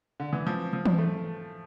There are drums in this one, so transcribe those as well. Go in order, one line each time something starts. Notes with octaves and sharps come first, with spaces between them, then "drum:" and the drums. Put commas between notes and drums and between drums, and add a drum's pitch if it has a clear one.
D3
E3
F3
F3
drum: tom E3
A3